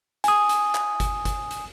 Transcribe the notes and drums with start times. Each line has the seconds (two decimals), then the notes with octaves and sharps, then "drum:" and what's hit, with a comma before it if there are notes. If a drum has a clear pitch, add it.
0.24 G#5 D#6, drum: hi-hat
0.49 drum: hi-hat
0.75 drum: clap
1.00 drum: kick G1, hi-hat
1.25 drum: kick G1, hi-hat
1.51 drum: hi-hat